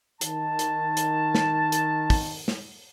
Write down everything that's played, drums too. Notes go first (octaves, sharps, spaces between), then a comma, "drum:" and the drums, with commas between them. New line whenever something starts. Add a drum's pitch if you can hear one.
D#3 A5, drum: hi-hat
drum: hi-hat
drum: hi-hat
drum: snare
drum: hi-hat
drum: kick, open hi-hat
drum: snare